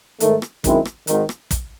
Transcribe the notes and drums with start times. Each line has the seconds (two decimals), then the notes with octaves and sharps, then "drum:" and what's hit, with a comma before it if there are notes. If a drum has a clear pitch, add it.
0.20 G#2 D#3 A3, drum: hi-hat
0.42 drum: rim click
0.64 F#2 D#3 G#3 C4 E4, drum: kick, hi-hat
0.85 drum: rim click
1.07 G#1 G#2 D#3, drum: hi-hat
1.29 drum: rim click
1.51 drum: kick, hi-hat